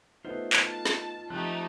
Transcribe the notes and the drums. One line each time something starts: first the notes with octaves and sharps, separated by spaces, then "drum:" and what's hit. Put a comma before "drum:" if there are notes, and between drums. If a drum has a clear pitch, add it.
A3 B3 D#4 F4 C5 E5
drum: clap
F4 A5
drum: snare
F3 A3 C4 D#4 G4 F#6